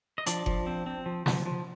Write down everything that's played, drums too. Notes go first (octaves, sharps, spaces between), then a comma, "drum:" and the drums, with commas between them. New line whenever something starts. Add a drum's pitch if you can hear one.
D#5
F3 D4 D5, drum: hi-hat
F3, drum: kick F#1
C4
C4
F3
F3, drum: snare
F3